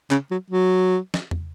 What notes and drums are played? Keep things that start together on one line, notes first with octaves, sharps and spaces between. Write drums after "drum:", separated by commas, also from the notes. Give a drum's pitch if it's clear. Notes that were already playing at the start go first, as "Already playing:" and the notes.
C#3, drum: clap
F#3
F#3
drum: snare
drum: tom E2